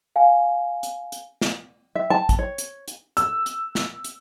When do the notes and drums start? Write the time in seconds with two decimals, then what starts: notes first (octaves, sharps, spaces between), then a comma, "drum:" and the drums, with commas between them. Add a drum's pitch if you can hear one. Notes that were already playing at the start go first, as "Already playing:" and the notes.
0.16 F5 G#5
0.83 drum: hi-hat
1.12 drum: hi-hat
1.41 drum: snare
1.95 E5
2.10 A5
2.29 drum: kick, hi-hat
2.39 C#5
2.58 drum: hi-hat
2.88 drum: hi-hat
3.17 E6, drum: hi-hat
3.46 drum: hi-hat
3.75 drum: snare
4.04 drum: hi-hat